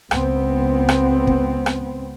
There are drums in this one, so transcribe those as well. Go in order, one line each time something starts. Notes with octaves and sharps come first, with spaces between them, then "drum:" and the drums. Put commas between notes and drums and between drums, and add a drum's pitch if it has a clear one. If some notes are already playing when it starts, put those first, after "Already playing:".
C#2 B3 C4, drum: rim click
drum: rim click
drum: kick
drum: rim click